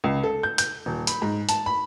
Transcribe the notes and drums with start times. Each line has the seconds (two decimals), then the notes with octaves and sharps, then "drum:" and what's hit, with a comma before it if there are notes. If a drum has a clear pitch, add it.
0.04 C#2
0.23 A4
0.43 G6
0.58 G6, drum: hi-hat
0.86 D#1
1.07 B5, drum: hi-hat
1.22 G#2
1.49 A5, drum: hi-hat
1.66 B5